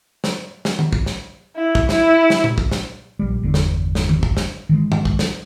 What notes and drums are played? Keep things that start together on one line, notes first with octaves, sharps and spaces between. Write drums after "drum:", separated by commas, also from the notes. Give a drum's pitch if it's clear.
drum: snare
drum: snare
drum: tom D#3
drum: kick
drum: snare
E4
drum: kick
E4, drum: snare
drum: snare
drum: tom A#2
drum: kick
drum: snare
A#1 G3
G1 E2 D3
drum: snare
drum: snare
drum: tom D#3
drum: kick
drum: snare
D#3 E3 G#3
drum: tom G2
drum: kick
drum: snare